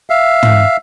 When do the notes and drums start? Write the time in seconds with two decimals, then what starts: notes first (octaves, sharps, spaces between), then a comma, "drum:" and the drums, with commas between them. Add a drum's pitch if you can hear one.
0.10 E5 F5
0.43 drum: tom